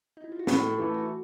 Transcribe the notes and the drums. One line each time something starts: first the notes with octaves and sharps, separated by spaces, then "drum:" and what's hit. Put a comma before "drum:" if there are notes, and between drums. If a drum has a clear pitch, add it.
D#4
E4
F4
F#4
A2 G4, drum: snare
A4
E3 A3 G4
F#4